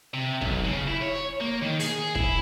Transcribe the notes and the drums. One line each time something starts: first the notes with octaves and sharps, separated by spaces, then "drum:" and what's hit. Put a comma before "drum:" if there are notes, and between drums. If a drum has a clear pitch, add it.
C3
B1, drum: kick
C#3
E4
C#5
A#3
D#3
G#4, drum: open hi-hat
E4, drum: kick